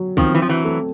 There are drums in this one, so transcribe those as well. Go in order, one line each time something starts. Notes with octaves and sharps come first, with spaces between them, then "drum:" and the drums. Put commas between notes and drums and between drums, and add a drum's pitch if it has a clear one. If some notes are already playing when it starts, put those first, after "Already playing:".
Already playing: F#3
D#3 F3 C4, drum: kick
E3
F3
E3 F#3
A3